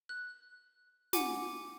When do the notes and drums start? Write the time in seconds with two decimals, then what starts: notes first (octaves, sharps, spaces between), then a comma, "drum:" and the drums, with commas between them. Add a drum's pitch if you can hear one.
0.09 F#6
1.13 F#5 G#5 D6, drum: snare